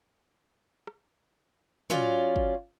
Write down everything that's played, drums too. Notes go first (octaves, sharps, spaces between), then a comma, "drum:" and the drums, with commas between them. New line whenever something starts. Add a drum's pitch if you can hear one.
drum: rim click
F#3 C#4 F4 D5, drum: tom
drum: kick